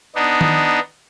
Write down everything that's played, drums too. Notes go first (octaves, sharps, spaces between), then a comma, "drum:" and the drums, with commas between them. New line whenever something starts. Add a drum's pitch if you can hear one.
B3 D4 D#4
drum: tom D#3